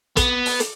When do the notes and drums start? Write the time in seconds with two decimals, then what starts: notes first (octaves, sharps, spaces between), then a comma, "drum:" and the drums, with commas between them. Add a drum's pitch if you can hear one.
0.17 B3, drum: kick, hi-hat
0.45 drum: open hi-hat
0.60 drum: hi-hat